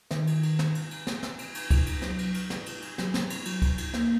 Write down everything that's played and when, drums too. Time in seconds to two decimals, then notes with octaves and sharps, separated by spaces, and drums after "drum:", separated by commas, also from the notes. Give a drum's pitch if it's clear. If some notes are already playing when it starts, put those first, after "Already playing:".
0.11 D#3, drum: snare
0.27 drum: cymbal
0.43 drum: cymbal
0.59 drum: snare
0.75 drum: cymbal
0.91 drum: cymbal
1.07 drum: snare
1.23 drum: snare
1.39 drum: cymbal
1.55 drum: cymbal
1.71 drum: kick C#2, cymbal
1.86 drum: cymbal
2.02 F#3, drum: snare
2.18 drum: cymbal
2.34 drum: cymbal
2.50 drum: snare
2.66 drum: cymbal
2.82 drum: cymbal
2.98 F#3, drum: snare
3.14 drum: snare
3.30 drum: cymbal
3.45 F#3, drum: cymbal
3.62 drum: kick C#2, cymbal
3.78 drum: cymbal
3.93 A#3, drum: snare